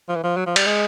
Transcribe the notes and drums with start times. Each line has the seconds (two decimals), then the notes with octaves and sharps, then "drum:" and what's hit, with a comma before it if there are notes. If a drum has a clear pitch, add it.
0.09 F3
0.15 E3
0.23 F3
0.37 F#3
0.46 F3
0.56 G3, drum: cymbal
0.66 G#3